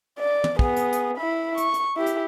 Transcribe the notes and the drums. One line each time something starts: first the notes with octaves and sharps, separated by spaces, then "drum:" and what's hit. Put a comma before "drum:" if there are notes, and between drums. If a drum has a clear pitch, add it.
D5
drum: tom
B3 G#4, drum: kick
drum: hi-hat
drum: hi-hat
E4 B5
C#6, drum: hi-hat
drum: hi-hat
E4 G4
drum: hi-hat